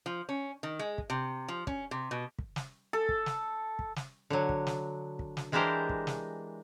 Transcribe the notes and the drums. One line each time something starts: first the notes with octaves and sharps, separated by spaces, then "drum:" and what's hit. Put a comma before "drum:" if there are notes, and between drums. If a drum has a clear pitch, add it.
F3
C#4
D#3
G#3
drum: kick
C3
F3
C#4, drum: kick
C3
B2
drum: kick
drum: snare
A4
drum: kick
drum: snare
drum: kick
drum: snare
D3 F#3
drum: kick
drum: snare
drum: kick
drum: snare
E3 G#3 D4 G4 A#4 C5
drum: kick
drum: snare